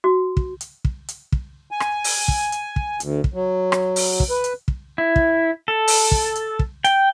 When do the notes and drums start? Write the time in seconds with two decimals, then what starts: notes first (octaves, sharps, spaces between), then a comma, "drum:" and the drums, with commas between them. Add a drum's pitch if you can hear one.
0.04 F#4
0.37 drum: kick
0.61 drum: hi-hat
0.85 drum: kick
1.08 drum: hi-hat
1.32 drum: kick
1.71 G#5
1.80 drum: rim click
2.04 drum: open hi-hat
2.28 drum: kick
2.52 drum: hi-hat
2.76 drum: kick
3.00 D2, drum: hi-hat
3.24 drum: kick
3.34 F#3
3.72 drum: rim click
3.96 drum: open hi-hat
4.20 drum: kick
4.30 B4
4.44 drum: hi-hat
4.68 drum: kick
4.98 E4
5.16 drum: kick
5.68 A4
5.88 drum: open hi-hat
6.11 drum: kick
6.35 drum: hi-hat
6.59 drum: kick
6.84 G5, drum: hi-hat